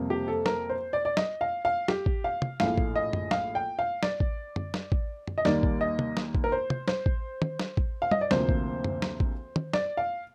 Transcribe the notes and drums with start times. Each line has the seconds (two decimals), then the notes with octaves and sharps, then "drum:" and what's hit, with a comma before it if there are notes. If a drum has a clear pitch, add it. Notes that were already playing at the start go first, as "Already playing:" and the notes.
Already playing: F2 C3 G3 A#3
0.10 G4
0.28 A4
0.46 A#4, drum: snare
0.70 C5
0.93 D5
1.05 D5
1.17 D#5, drum: snare
1.41 F5
1.65 F5
1.88 G4, drum: snare
2.06 drum: kick A1
2.24 F5
2.42 drum: tom
2.60 A#1 A2 A3 F5, drum: snare
2.78 drum: kick A1
2.96 D#5
3.13 drum: tom F#2
3.31 F5, drum: snare
3.55 G5
3.79 F5
4.03 D5, drum: snare
4.20 drum: kick A1
4.56 drum: tom F#2
4.74 drum: snare
4.92 drum: kick A1
5.27 drum: tom F#2
5.38 D#5
5.45 D#2 D#3 G3 A#3 D5, drum: snare
5.63 drum: kick A1
5.81 D#5
5.99 drum: tom
6.17 drum: snare
6.35 drum: kick A1
6.44 A#4
6.52 C5
6.70 drum: tom
6.88 C5, drum: snare
7.06 drum: kick A1
7.42 drum: tom
7.59 drum: snare
7.77 drum: kick A1
8.02 F5
8.11 D#5, drum: tom
8.21 D5
8.31 D2 C3 F3 A#3 C5, drum: snare
8.49 drum: kick A1
8.84 drum: tom F#2
9.02 drum: snare
9.20 drum: kick A1
9.56 drum: tom
9.73 D5, drum: snare
9.97 F5